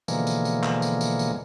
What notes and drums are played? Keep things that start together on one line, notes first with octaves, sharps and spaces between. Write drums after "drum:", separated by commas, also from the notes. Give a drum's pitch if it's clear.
B2 D3 E3 F3 G#3 A#3, drum: tambourine
drum: tambourine
drum: tambourine
drum: clap
drum: tambourine
drum: tambourine
drum: tambourine